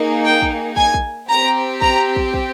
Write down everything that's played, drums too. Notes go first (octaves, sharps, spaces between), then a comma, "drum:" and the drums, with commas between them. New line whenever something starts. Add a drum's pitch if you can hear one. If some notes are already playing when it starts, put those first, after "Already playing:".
Already playing: A#3 D#4 G#4
G5
drum: kick
G#5, drum: kick
drum: kick
C4 G4 A#5
A#5, drum: kick
drum: kick
drum: kick